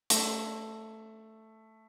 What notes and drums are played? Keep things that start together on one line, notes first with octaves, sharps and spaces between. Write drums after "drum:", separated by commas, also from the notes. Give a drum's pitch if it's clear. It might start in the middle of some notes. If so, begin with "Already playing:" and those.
A3, drum: hi-hat